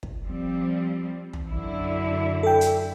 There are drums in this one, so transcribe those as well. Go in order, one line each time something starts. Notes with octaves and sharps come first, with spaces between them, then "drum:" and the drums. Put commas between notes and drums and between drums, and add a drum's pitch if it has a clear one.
drum: kick
F3 G3 C4
drum: tom
F#2 D3 E4
A4 G5
drum: hi-hat